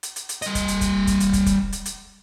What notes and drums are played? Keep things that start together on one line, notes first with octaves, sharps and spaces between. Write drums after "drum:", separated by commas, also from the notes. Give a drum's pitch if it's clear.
drum: hi-hat
drum: hi-hat
drum: hi-hat
G3 D#5, drum: hi-hat
drum: kick, hi-hat
drum: hi-hat
drum: kick, hi-hat
drum: kick, hi-hat
drum: hi-hat
drum: kick, hi-hat
drum: kick, hi-hat
drum: hi-hat
drum: hi-hat